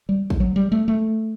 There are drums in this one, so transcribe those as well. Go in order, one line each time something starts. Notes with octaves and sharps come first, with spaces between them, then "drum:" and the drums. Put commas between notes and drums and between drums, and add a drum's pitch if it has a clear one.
G3
drum: kick
F#3
G3
A3
A3